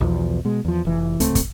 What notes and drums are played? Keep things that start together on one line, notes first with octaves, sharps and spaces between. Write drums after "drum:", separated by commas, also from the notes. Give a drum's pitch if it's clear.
B1 E2 F3
B2 G#3
E2 F3
F1 E3
D1 C#2 A3 C4, drum: hi-hat
drum: kick, hi-hat